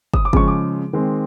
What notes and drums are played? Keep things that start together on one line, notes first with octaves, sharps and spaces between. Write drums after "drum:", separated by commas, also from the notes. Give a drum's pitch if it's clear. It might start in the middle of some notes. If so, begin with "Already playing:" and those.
D#6, drum: kick
D6
C#3 F3 G#3 C#6, drum: kick
D6
D#3 G#3 C4